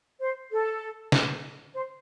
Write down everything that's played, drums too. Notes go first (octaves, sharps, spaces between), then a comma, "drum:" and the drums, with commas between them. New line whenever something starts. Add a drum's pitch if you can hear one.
C5
A4
drum: snare
C5